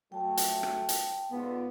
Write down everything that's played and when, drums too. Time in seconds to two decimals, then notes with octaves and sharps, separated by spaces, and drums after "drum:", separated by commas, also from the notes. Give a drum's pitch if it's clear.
0.12 F#3 A3 G5 A5
0.37 drum: hi-hat
0.63 drum: rim click
0.89 drum: hi-hat
1.31 G#2 D3 B3 F4